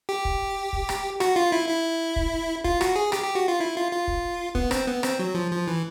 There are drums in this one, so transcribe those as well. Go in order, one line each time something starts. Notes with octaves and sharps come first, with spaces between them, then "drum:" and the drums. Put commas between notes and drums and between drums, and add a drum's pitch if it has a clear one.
G4
drum: kick
drum: kick
drum: rim click
F#4, drum: rim click
F4
E4
E4
drum: kick
F4, drum: kick
F#4, drum: rim click
G#4
G4, drum: rim click
G4
F#4
F4
E4
F4
F4
drum: kick
B3, drum: kick
C4, drum: rim click
B3
C4, drum: rim click
F#3
F3
F3
E3